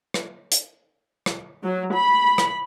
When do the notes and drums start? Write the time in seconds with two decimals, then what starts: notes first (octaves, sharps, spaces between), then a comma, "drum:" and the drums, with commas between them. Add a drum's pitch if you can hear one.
0.14 drum: rim click
0.52 drum: hi-hat
1.26 drum: rim click
1.64 F#3
1.94 B5
2.38 drum: rim click